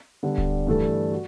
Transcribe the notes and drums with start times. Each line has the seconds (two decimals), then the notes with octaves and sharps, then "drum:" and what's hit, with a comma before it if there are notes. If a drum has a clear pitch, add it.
0.23 D3 G3 B3 D4
0.38 drum: kick D1
0.67 G2 E3 A3 D4 A4
1.12 F#4